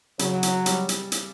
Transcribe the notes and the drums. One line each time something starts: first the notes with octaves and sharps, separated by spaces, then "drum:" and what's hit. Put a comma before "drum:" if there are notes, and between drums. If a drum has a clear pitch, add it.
C#3 F#3, drum: hi-hat
drum: hi-hat
G3, drum: hi-hat
drum: hi-hat
drum: hi-hat